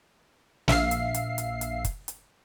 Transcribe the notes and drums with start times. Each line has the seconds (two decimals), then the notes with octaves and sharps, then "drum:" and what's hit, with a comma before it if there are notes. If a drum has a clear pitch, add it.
0.68 A#1 E5 F5 C7, drum: snare
0.91 drum: hi-hat
1.14 drum: hi-hat
1.38 drum: hi-hat
1.61 drum: hi-hat
1.85 drum: kick, hi-hat
2.08 drum: hi-hat